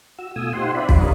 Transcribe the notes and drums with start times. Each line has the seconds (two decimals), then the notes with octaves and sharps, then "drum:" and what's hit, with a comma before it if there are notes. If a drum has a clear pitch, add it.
0.18 F#4 E6
0.36 B2 A3 F4 G#5 D#6 E6
0.53 D#4 F4 G4 C5 F#5 C6
0.75 C4 F4 D5 E5 B5
0.89 drum: kick
1.00 G3 D4 F4 A#4 C#5 D#5